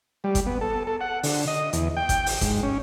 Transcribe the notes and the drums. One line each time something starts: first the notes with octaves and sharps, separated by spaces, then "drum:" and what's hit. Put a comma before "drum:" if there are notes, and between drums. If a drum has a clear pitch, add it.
G3
drum: kick G1, hi-hat
B3
A4
A4
F#5
D3, drum: open hi-hat
D#5
E2, drum: hi-hat
G5
drum: kick G1, hi-hat
drum: open hi-hat
G#2, drum: kick G1, hi-hat
C#4